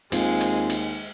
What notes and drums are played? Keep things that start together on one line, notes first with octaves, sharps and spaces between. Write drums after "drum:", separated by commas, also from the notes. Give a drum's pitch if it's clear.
D#2 G#3 C4 F4, drum: cymbal
drum: cymbal
drum: cymbal